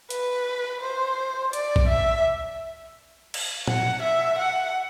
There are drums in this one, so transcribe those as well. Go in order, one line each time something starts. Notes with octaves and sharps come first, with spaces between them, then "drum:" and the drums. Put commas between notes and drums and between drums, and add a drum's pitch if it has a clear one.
B4, drum: hi-hat
C5
D5, drum: hi-hat
drum: kick
E5
drum: cymbal
F#5, drum: tom A#2
E5
F#5